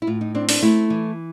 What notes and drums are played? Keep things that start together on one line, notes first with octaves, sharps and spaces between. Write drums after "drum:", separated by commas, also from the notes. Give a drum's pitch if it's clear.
E4
A2 F4
D#4
C4 D4
D4, drum: open hi-hat
A3 E4
E3